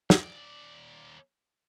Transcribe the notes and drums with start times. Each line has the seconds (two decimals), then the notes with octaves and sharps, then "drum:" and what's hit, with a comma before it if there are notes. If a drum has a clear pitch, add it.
0.10 D#2 D5, drum: snare